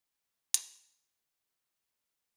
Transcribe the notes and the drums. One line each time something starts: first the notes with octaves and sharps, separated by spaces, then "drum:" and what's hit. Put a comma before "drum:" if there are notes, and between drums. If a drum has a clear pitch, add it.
F5 G#5 C6 D6
drum: hi-hat
E4 G#4 A5
F4 F#4 A#4 F5